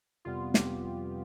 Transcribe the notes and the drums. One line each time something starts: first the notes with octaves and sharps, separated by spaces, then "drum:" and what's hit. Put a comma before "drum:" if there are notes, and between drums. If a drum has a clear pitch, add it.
F2 C3 G3 B3 F4
G4, drum: snare